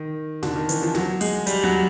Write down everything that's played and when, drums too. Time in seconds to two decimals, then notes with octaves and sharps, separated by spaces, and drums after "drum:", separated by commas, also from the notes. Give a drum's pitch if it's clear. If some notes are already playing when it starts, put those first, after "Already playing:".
Already playing: D#3
0.43 D3, drum: snare
0.56 D#3
0.69 E3, drum: hi-hat
0.82 F3
0.95 F#3, drum: snare
1.21 G#3, drum: open hi-hat
1.47 G3, drum: hi-hat
1.63 F#3